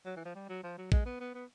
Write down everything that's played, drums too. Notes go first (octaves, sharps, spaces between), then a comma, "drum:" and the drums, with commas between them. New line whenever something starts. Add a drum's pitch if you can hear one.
F#3
E3
F3
G3
F#3
F3
F#3
G#3, drum: kick A#1
B3
B3
B3